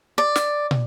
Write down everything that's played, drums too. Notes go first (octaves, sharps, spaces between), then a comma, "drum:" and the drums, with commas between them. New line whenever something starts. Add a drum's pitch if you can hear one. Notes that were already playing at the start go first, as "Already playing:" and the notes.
D5
drum: snare
drum: tom